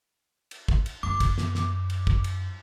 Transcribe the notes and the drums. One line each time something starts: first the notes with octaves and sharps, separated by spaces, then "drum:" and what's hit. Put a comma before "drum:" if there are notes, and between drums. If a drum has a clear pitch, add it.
drum: cymbal
drum: kick
drum: cymbal
F#2 D6
drum: kick, cymbal
drum: snare
drum: snare
drum: cymbal
drum: kick
drum: cymbal